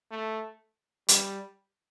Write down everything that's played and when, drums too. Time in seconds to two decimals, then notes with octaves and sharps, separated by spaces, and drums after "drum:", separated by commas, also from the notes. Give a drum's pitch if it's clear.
0.11 A3
1.08 G3, drum: hi-hat